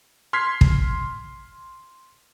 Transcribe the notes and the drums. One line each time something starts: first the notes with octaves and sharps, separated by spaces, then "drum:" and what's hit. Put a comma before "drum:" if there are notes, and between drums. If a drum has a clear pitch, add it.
C6 F6 G#6 B6 C7
drum: kick